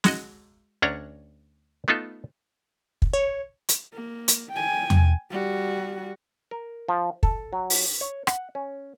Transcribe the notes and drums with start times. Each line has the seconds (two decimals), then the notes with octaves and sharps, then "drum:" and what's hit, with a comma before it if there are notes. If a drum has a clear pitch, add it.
0.04 G#3 F#4 D#5, drum: snare
0.82 D2 C#4 D4 C#5 F#5 A#5
1.88 A3 B3 D#4 F4 A4
3.02 drum: kick
3.14 C#5
3.69 drum: hi-hat
3.93 A#3
4.28 drum: hi-hat
4.52 G5 G#5
4.90 drum: tom E2
5.30 G3 F#4
6.51 A#4
6.89 F3
7.23 A4, drum: kick
7.53 F#3
7.70 drum: open hi-hat
8.01 C#5
8.27 F#5, drum: rim click
8.55 C#4